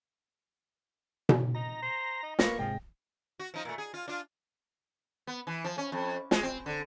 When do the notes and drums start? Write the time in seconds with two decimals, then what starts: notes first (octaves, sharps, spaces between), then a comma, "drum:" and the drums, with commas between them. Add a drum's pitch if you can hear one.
1.29 drum: tom B2
1.55 D#4 A#5
1.82 C5
2.22 D#4
2.39 A#3 A#4 B4 C#6 A#6, drum: snare
2.59 G#2 C3 F3 G#3 G5
3.39 F#4
3.54 F3 D#4
3.65 A#2 A3
3.78 G#4
3.94 F4
4.08 D4 F4
5.27 B3
5.47 E3
5.64 F3
5.78 C#4
5.92 F2
6.31 G#3, drum: snare
6.43 C4
6.66 D3